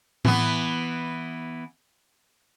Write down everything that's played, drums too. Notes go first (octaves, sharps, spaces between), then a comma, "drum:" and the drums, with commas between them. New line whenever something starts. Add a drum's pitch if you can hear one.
E3 B3, drum: tom A2